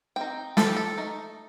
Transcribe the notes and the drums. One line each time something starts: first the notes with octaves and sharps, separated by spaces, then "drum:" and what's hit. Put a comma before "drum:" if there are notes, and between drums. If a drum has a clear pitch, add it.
C4 D#4 G5
F3 A4, drum: snare
G4
A4
A3 D#4